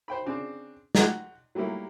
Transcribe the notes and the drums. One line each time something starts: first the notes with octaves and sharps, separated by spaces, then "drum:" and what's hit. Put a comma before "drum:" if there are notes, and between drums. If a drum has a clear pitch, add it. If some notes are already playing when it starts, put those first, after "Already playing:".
C5 G5 B5
C#3 C4 D4
F#4 F#5 G5 A#5, drum: snare
F#3 G3 A3 A#3 E4